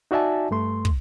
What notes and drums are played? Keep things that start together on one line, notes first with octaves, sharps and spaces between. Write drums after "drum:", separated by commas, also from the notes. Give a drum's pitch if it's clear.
D#4 F#4 D5 E5 G#5 A5
G2 A3 C6
drum: kick